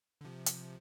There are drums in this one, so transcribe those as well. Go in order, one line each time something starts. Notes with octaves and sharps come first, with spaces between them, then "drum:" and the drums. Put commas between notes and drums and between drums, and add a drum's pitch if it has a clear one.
D3
C3 F3
drum: hi-hat